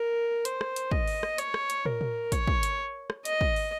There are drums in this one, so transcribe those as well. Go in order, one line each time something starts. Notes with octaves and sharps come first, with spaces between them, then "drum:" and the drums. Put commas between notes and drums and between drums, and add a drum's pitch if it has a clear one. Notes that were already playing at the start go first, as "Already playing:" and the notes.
Already playing: A#4
C5, drum: hi-hat
drum: rim click
drum: hi-hat
D#5, drum: kick
drum: open hi-hat
drum: rim click
C#5, drum: hi-hat
drum: rim click
drum: hi-hat
A#4, drum: tom
drum: tom
C#5, drum: kick, hi-hat
drum: kick
drum: hi-hat
drum: rim click
D#5, drum: hi-hat
drum: kick
drum: open hi-hat